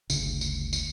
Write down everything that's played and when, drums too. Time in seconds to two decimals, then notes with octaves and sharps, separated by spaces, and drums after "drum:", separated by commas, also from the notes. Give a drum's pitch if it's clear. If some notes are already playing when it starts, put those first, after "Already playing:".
0.10 G1 D2 C#3, drum: tambourine
0.41 drum: tambourine
0.73 drum: tambourine